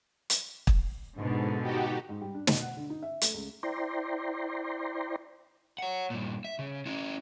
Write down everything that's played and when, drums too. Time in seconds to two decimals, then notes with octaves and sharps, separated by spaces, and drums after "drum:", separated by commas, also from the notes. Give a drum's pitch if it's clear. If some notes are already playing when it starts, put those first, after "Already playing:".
0.30 drum: hi-hat
0.67 drum: kick
1.15 G#2 B2 D3
1.62 D#4 F#4 G4
2.09 G#2
2.21 G3
2.34 D4
2.47 B2, drum: snare
2.61 F#5
2.77 D3
2.90 D#4
3.03 E5
3.22 A3, drum: hi-hat
3.34 C#2
3.63 E4 C5 D5 G5 A#5 C6
5.78 C#5 F#5
6.10 G2 A#2
6.45 E5
6.59 C#3
6.86 C#4 E4